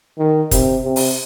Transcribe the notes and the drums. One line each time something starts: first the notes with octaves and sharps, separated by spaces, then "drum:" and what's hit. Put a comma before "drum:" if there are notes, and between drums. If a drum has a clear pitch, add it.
D#3
C3, drum: kick, hi-hat
C3
drum: open hi-hat